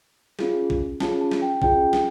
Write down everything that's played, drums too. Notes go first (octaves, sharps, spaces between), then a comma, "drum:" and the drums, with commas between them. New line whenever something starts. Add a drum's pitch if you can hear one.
C#4 F4 G#4, drum: snare
drum: kick
C#4 F4 G#4 A5, drum: snare
A5
drum: snare
G5
C#4 F4 G#4 G5, drum: kick
drum: snare